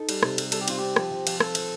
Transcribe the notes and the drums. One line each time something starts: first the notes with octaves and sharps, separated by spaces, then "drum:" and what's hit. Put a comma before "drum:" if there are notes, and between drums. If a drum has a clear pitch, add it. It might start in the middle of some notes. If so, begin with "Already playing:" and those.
Already playing: D#4 A4
G3, drum: cymbal
C3, drum: rim click
G3, drum: cymbal
G3 A4, drum: cymbal
G4
C4 F4, drum: cymbal
C4 G4
F3, drum: rim click
F3
F3, drum: cymbal
C4 A4, drum: rim click
F3, drum: cymbal